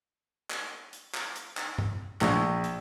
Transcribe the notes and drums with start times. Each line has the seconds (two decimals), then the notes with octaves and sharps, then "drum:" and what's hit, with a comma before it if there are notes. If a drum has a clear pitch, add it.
0.50 drum: clap
0.93 drum: hi-hat
1.14 drum: clap
1.36 drum: hi-hat
1.57 drum: clap
1.78 drum: tom
2.21 A#1, drum: clap
2.64 drum: hi-hat